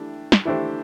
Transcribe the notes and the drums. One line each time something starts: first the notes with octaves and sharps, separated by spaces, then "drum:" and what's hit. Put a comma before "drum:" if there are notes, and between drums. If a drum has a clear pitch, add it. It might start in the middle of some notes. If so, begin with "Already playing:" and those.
Already playing: E3 A3 D4 G4
drum: snare
E3 A3 D4 G4 C5